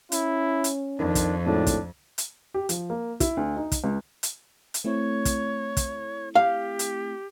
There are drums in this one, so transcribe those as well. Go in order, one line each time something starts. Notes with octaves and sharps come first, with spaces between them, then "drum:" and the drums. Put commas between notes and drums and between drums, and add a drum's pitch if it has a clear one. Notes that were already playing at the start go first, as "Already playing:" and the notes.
C#4 E4, drum: hi-hat
drum: hi-hat
F2 D#3 D4
drum: kick, hi-hat
G#1 A2 D4
drum: kick, hi-hat
drum: hi-hat
G4
F3, drum: hi-hat
A#3
E4, drum: kick, hi-hat
D2
D#4
drum: kick, hi-hat
C#2
drum: hi-hat
drum: hi-hat
A3 C4 E4 C#5
drum: kick, hi-hat
drum: kick, hi-hat
G4 F5
drum: hi-hat